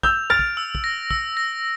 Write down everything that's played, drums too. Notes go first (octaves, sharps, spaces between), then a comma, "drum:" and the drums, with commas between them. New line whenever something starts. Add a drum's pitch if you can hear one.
E6 G6 F7, drum: kick
F6 A6 D7
drum: kick
E6
drum: kick
A#6
E6, drum: kick
A#6